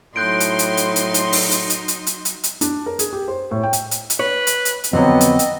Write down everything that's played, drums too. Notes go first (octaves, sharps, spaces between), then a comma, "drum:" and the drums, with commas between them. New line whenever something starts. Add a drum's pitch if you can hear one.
A2 F#3 D#4 C6 F#6 G6 D7
drum: hi-hat
drum: hi-hat
drum: hi-hat
drum: hi-hat
drum: hi-hat
drum: open hi-hat
drum: hi-hat
drum: hi-hat
drum: hi-hat
drum: hi-hat
drum: hi-hat
drum: hi-hat
D4, drum: hi-hat
A#4
G#4, drum: hi-hat
G4
C5
A2
G5
drum: hi-hat
drum: hi-hat
drum: hi-hat
B4 C#5
drum: hi-hat
drum: hi-hat
drum: hi-hat
F2 D3 F#3 B3 C4 D#5
drum: hi-hat
drum: hi-hat